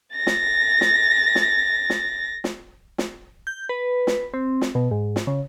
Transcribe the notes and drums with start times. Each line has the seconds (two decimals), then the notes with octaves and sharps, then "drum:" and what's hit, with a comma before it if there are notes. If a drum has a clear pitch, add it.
0.16 A6 A#6
0.27 drum: snare
0.81 drum: snare
1.35 drum: snare
1.90 drum: snare
2.44 drum: snare
2.98 drum: snare
3.47 G6
3.69 B4
4.07 drum: snare
4.34 C4
4.61 drum: snare
4.75 B2
4.91 G#2
5.16 drum: snare
5.27 C#3